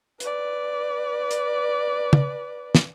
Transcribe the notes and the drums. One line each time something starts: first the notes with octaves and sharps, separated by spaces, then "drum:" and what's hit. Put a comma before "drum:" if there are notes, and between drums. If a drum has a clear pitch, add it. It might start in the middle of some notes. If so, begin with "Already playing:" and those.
B4 D5, drum: hi-hat
drum: hi-hat
drum: tom
drum: snare